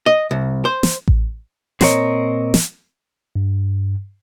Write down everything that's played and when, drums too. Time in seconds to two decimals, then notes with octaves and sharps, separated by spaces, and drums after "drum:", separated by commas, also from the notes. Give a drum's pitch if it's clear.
0.06 D#5
0.31 C2
0.65 C5
0.83 drum: snare
1.08 drum: kick A1
1.81 A#2 C4 F#4 A#4 C#5 D#5, drum: snare
2.54 drum: snare
3.36 G2